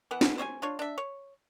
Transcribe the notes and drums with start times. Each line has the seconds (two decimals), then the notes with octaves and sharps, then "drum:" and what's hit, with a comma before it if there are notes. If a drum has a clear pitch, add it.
0.11 E3 B3 F#5
0.21 drum: snare
0.38 C5 C#5 E5 G#5
0.62 D4 F4 C#5
0.79 D4 E5
0.98 C#5